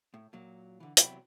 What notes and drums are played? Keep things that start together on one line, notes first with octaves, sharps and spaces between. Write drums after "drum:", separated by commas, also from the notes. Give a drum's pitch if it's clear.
A2
A#2 F#3
D3 E3
E2 C3 E3 F#3 G5 B5, drum: hi-hat